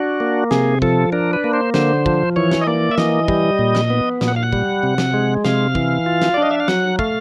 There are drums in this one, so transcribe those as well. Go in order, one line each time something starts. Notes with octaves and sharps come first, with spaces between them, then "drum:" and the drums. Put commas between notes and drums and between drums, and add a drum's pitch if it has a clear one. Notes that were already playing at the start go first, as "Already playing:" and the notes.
Already playing: D4 F#4
A#3
C3 G#4, drum: snare
F3 A4, drum: kick
D4 A#4
B4
A#3
C5
D3 C5, drum: snare
F3, drum: kick
E3 C#5
drum: snare
D#5
A#3 D5
E5
E3 D#5, drum: snare
G3, drum: kick
A#2
drum: snare
B3
A#2, drum: snare
F#5
F5
F#5
G3, drum: kick
C3
drum: snare
G#3
C3 F5, drum: snare
E3, drum: kick
F4
drum: snare
D5
D4 D#5
E5
F5
F#3 F#5, drum: snare
A3 F5, drum: kick